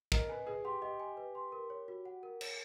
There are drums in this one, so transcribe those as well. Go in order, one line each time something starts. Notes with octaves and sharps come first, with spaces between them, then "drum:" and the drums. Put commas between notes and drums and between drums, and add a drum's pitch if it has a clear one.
A#4 D#5, drum: kick
B4 G#5
G#4 B4
G4 C6
G4 D#5
G#5
B4
C6
A#4
C#5
F#4
F#5
A#4
C#5, drum: cymbal